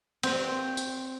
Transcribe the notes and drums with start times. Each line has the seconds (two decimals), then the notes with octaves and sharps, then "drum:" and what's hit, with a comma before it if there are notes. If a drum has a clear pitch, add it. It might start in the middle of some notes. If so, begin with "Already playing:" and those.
0.23 C4, drum: cymbal
0.77 drum: tambourine